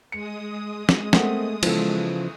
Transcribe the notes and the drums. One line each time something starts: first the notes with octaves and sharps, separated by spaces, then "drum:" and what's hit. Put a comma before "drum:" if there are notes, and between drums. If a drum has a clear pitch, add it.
G#3 D#6 C#7
drum: snare
A3 A#3 C4 F#5, drum: snare
C#3 E3 F3 B3 A4, drum: cymbal